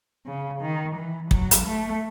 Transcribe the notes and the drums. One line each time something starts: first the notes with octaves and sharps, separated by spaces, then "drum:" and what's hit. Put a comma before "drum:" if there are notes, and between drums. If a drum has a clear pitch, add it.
C#3
D#3
E3
F#3, drum: kick
drum: hi-hat
A3